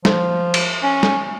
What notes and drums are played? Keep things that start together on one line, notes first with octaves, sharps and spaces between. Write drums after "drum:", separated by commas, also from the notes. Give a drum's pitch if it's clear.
F3, drum: snare
drum: cymbal
C#4
drum: snare